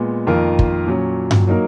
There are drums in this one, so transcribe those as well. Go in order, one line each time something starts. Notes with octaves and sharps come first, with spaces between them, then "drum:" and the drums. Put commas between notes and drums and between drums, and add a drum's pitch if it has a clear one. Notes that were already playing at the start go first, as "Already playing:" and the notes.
Already playing: A#2 G#3 B3
F2 D#3 A#3 F4 A#4
drum: kick
A#2 F#3 C#4
drum: tom G2
F#3 A#3 D#4 A#4